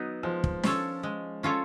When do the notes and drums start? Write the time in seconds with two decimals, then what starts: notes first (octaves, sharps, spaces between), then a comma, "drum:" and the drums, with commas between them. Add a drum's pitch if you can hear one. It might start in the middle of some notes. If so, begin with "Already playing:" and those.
Already playing: F#3 B3 D#4
0.23 F3 G#3
0.44 drum: kick
0.63 C#4 F4 A4 C#5, drum: snare
1.03 G#3
1.43 C#4 F4 A4 C#5